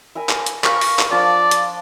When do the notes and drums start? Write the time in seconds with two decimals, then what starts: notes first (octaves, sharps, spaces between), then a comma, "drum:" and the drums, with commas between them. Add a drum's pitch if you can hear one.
0.15 E4 A#4 G#5
0.29 drum: clap
0.46 drum: hi-hat
0.64 A#4 F5 B5 C#6, drum: clap
0.81 drum: open hi-hat
0.99 drum: clap
1.11 F3 D4 D5 A5
1.51 drum: hi-hat